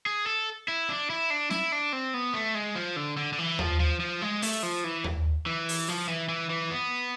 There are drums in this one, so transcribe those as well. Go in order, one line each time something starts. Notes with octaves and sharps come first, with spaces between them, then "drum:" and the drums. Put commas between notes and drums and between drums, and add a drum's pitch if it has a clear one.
G#4
A4
E4
D4
E4
D4
E4, drum: snare C#4
D4
C4
B3
A3
G#3
F3
D3
D3
D3
E3
F3, drum: tom D#2
F3
F3
G#3
A3, drum: open hi-hat
F3
E3
drum: tom D#2
E3
drum: open hi-hat
F3
E3
E3
E3
B3